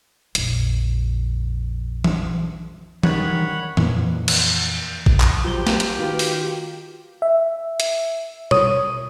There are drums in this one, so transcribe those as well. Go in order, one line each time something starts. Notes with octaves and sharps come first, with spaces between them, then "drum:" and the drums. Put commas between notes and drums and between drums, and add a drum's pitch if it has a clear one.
A#1 F2, drum: hi-hat
drum: tom E3
D#3 G3 C#5 F#5 B5, drum: tom E3
F2 A#2 E3, drum: tom E3
drum: cymbal
drum: kick G#1
drum: clap
F3 F#3 F4 G4 C5 G7
drum: snare
drum: hi-hat
D#3 F4 F#4 B4
drum: open hi-hat
E5
drum: hi-hat
C#5 D#6, drum: tom